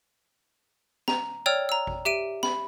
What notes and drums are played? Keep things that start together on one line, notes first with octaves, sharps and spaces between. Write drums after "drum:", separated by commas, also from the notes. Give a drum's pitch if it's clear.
A#5, drum: snare
C#5 D5 G5 E6 F6 F7
A#5 E6
drum: kick G#1
G4 E5 D7 D#7
B5, drum: snare